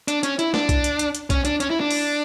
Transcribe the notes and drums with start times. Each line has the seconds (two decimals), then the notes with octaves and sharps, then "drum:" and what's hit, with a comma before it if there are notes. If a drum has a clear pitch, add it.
0.08 D4, drum: hi-hat
0.23 C#4, drum: hi-hat
0.39 E4, drum: hi-hat
0.54 D4, drum: snare
0.69 drum: kick B1, hi-hat
0.84 drum: hi-hat
0.99 drum: hi-hat
1.15 drum: hi-hat
1.30 C#4, drum: kick B1, hi-hat
1.45 D4, drum: hi-hat
1.60 C#4, drum: hi-hat
1.71 E4
1.80 D4
1.91 drum: open hi-hat